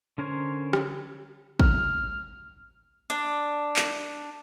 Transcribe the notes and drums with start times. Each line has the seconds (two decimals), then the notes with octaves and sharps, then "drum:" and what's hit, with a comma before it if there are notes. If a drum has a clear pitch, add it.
0.18 D3 C#4 A#4 C5 C#5
0.73 drum: rim click
1.60 F6, drum: kick
3.10 D4, drum: hi-hat
3.76 drum: clap